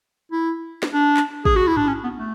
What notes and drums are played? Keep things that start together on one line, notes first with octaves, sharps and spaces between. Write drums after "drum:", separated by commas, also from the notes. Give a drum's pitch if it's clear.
E4
drum: snare
D4
drum: clap
G#4, drum: kick
F#4
E4
D4, drum: tom G#2
C#4
B3
A3